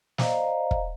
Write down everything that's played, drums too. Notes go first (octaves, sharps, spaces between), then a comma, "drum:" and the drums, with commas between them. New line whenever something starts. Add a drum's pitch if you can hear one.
C5 D5 D#5 F5 A#5, drum: snare
drum: kick